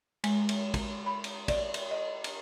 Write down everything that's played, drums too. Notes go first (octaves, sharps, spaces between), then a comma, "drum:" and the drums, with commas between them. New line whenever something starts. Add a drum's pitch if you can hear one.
G#3, drum: cymbal
drum: cymbal
drum: kick, cymbal
B5
drum: cymbal
D5, drum: kick, cymbal
drum: cymbal
D#5
drum: cymbal